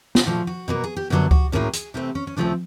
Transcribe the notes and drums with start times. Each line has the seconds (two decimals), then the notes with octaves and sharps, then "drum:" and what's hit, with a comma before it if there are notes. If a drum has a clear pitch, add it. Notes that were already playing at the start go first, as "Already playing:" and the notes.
0.15 F4, drum: snare
0.26 A#2 F3 A3 F#4
0.47 F#4
0.68 B2 F#3 A#3
0.84 G#4
0.96 G4
1.10 F#2 D3 F#3 B3 F#4
1.31 F#4, drum: kick C#2
1.52 A2 F#3 A#3 C#4 G#4
1.73 G#4, drum: hi-hat
1.94 C3 E3 A3 C4 G4
2.15 C#4
2.27 C#4
2.36 D2 C#3 F3 A3 C4 D4